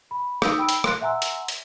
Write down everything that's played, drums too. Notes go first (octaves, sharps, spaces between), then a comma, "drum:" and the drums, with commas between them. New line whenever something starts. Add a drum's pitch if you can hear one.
B5
D#4 D#6 E6 G6, drum: rim click
G5 B5 E6 D7
drum: hi-hat
C6 F#6, drum: rim click
E5 F#5 G#5 A#5 C6 E6
drum: hi-hat
drum: hi-hat